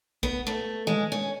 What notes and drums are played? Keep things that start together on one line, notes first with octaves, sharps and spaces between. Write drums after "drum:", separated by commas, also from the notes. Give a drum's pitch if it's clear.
B3, drum: kick A#1
A3
G#3, drum: tom D#3
C#4